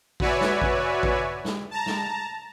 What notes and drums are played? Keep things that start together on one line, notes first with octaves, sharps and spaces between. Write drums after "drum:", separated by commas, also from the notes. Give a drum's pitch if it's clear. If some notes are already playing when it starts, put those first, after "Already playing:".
F#4 B4 C#5 D5 E5 G#5, drum: kick A1
drum: snare
drum: kick A1
drum: kick A1
drum: snare
A5 A#5
drum: snare